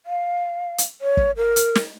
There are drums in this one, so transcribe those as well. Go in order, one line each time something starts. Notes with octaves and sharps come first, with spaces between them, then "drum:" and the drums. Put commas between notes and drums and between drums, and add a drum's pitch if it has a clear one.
F5
drum: hi-hat
C#5
drum: kick
A#4
drum: hi-hat
drum: snare